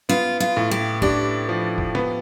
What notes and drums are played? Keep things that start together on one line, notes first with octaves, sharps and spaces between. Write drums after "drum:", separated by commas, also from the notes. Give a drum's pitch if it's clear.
B3 F4
F4
A2
G4
D4 G4, drum: kick F1
F3
drum: kick F1
B3, drum: snare